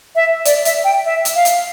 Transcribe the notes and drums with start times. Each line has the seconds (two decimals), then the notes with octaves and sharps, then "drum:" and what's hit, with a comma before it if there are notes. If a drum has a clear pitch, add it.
0.16 E5
0.45 D5, drum: hi-hat
0.65 E5, drum: hi-hat
0.84 G5
1.05 E5
1.25 drum: hi-hat
1.36 F5
1.45 drum: hi-hat